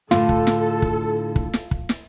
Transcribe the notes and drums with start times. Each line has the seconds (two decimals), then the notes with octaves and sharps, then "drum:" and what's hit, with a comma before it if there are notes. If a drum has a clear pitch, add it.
0.11 A2 D3 F4 A4, drum: snare
0.29 drum: kick
0.47 drum: snare
0.82 drum: kick
1.36 drum: kick
1.53 drum: snare
1.71 drum: kick
1.89 drum: snare